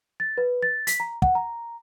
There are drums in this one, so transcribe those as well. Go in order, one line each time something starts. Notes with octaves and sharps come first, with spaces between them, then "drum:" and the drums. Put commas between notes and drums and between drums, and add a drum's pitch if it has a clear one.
A6
B4
A6
B6, drum: hi-hat
A#5
F#5, drum: kick
A#5